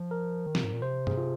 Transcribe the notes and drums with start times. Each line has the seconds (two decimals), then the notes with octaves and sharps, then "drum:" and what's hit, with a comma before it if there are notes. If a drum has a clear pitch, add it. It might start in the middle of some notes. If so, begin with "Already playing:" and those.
Already playing: F3
0.11 A#4
0.46 D#3
0.55 C3, drum: snare
0.64 G#2
0.73 A#2
0.82 C3 C5
1.07 G#4, drum: tom G2
1.18 F4